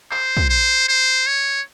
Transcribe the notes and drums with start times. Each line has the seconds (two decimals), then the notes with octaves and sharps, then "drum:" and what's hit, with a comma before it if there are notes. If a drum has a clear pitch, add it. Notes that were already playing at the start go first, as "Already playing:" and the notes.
0.11 C5, drum: clap
0.37 drum: kick
0.49 C5
0.88 C5
1.27 C#5